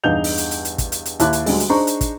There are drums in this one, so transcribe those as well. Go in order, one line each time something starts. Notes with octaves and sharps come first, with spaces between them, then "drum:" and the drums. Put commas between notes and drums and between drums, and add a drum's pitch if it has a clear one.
E2 G2 D#4 F5 G6 F7
drum: open hi-hat
drum: hi-hat
drum: hi-hat
drum: hi-hat
drum: kick, hi-hat
drum: hi-hat
drum: hi-hat
D#2 E4 A5 D6 F#6, drum: hi-hat
drum: hi-hat
D2 D3 G3 G#3, drum: open hi-hat
drum: hi-hat
D4 D#4 G#4 C5 A#5 C#6
drum: hi-hat
drum: kick, hi-hat